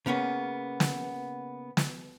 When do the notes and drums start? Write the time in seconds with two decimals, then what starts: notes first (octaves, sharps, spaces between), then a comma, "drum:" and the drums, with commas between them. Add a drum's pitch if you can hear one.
0.06 C#3 A#3 B3 C#4
0.80 drum: snare
1.77 drum: snare